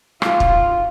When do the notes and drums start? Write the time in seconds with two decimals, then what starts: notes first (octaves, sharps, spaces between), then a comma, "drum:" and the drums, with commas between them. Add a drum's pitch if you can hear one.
0.22 F4, drum: rim click
0.40 drum: kick